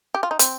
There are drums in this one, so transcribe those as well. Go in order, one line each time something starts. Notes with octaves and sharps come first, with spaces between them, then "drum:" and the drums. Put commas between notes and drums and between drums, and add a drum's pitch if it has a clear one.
G4
F4
D#4
C4, drum: hi-hat